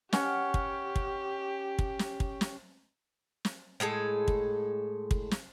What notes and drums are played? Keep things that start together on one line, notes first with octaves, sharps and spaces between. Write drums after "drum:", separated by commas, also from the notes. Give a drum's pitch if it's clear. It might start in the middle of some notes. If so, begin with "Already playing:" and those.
C#4 G4 F#5, drum: snare
drum: kick
drum: kick
drum: kick
drum: snare
drum: kick
drum: snare
drum: snare
A2 G#3 G#4 A4
drum: kick
drum: kick
drum: snare